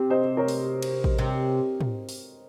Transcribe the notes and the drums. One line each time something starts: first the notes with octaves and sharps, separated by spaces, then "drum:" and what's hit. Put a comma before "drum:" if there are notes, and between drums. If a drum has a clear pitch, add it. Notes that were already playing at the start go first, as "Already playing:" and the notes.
Already playing: C3
C5 D#5
A#4 C#5
drum: open hi-hat
drum: cymbal
drum: kick A1
C3
drum: tom
drum: open hi-hat